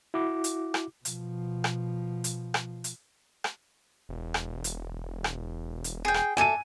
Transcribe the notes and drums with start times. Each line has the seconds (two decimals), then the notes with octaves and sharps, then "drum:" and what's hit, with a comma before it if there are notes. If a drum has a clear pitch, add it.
0.14 E4 F#4 D6
0.44 drum: hi-hat
0.74 drum: rim click
1.05 B2 F3, drum: hi-hat
1.64 drum: rim click
2.24 drum: hi-hat
2.54 drum: rim click
2.84 drum: hi-hat
3.44 drum: rim click
4.09 E1
4.34 drum: rim click
4.64 drum: hi-hat
5.24 drum: rim click
5.84 drum: hi-hat
6.05 G#4 G5
6.14 drum: rim click
6.37 A4 E5 G#5 D6 D#7